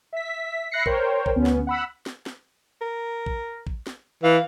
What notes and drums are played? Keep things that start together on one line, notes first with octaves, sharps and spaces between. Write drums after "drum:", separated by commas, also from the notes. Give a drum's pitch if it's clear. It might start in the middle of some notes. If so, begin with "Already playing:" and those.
E5 B6
E5 B5 F#6 A#6 C7 C#7
A#4 C5 C#5 G5, drum: kick A1
drum: kick A1
D2 B3 C#4
drum: snare
F#5 B5 E6
drum: snare
drum: snare
A#4
drum: kick A1
drum: kick A1
drum: snare
E3 F5